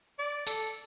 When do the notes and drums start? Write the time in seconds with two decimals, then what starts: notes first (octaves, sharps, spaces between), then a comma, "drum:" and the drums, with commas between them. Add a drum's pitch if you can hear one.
0.19 D5
0.47 A4, drum: tambourine